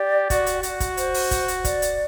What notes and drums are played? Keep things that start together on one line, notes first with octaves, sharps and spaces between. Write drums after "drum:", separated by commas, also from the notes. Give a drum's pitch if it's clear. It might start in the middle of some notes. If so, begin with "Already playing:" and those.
Already playing: G4 D5
F#4, drum: kick, hi-hat
drum: hi-hat
F#4, drum: hi-hat
drum: kick, hi-hat
C5, drum: hi-hat
drum: open hi-hat
drum: kick, hi-hat
drum: hi-hat
D5, drum: kick, hi-hat
drum: hi-hat